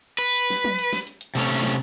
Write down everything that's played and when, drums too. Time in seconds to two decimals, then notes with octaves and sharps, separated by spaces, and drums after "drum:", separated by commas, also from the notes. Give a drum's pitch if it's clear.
0.19 B4
0.36 drum: hi-hat
0.50 drum: snare
0.64 drum: tom
0.79 drum: hi-hat
0.93 drum: snare
1.07 drum: hi-hat
1.21 drum: hi-hat
1.35 C3 A3 C#4, drum: hi-hat
1.49 drum: hi-hat
1.63 drum: snare